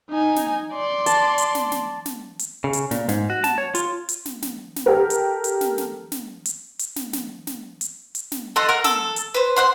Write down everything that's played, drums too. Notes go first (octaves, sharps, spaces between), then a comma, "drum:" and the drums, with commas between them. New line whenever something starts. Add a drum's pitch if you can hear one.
D#4 G#5
drum: snare
D5 C6
A5, drum: hi-hat
drum: hi-hat
drum: snare
drum: snare
drum: snare
drum: hi-hat
C#3
drum: hi-hat
A#2, drum: snare
G#2, drum: snare
F#4
A5, drum: snare
C#5
F4, drum: hi-hat
drum: hi-hat
drum: snare
drum: snare
drum: snare
G4 A4 A#4
drum: hi-hat
drum: hi-hat
drum: snare
drum: snare
drum: snare
drum: hi-hat
drum: hi-hat
drum: snare
drum: snare
drum: snare
drum: hi-hat
drum: hi-hat
drum: snare
A4 D#5 F#5 C6
A#4 F#5 F6
A4 E6, drum: snare
drum: hi-hat
B4 C5
C5 F#5 C6